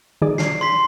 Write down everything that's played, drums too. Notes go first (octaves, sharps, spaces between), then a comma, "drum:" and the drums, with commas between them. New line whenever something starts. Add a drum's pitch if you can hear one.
D#3 G#4 D5
C7, drum: snare
C6 B6